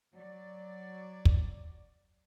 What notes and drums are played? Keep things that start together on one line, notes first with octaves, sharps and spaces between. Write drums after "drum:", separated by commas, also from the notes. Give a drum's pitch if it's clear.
F#3 D5
drum: kick